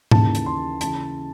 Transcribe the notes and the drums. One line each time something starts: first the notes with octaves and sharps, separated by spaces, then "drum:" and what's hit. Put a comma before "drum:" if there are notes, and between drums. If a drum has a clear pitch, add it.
D#2 C#3 E3 A5, drum: tom G#2
drum: hi-hat
C6
C#3 E3 A5, drum: hi-hat